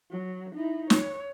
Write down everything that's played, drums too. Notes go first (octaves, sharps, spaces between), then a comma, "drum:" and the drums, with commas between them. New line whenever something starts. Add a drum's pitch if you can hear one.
F#3
D#4 E4
C#5, drum: snare